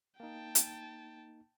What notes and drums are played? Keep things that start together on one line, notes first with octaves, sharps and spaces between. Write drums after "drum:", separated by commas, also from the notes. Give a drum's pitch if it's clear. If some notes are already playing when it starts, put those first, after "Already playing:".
A#3 D#4 G5 A5
drum: hi-hat